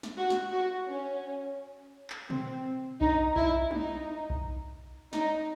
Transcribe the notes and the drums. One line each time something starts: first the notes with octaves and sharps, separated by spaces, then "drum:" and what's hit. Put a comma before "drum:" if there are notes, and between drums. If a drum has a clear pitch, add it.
drum: snare
F#4
drum: snare
F#4
C#4
drum: clap
C4, drum: tom
D#4, drum: kick B1
E4, drum: kick B1
D#4, drum: tom
drum: kick B1
D#4, drum: snare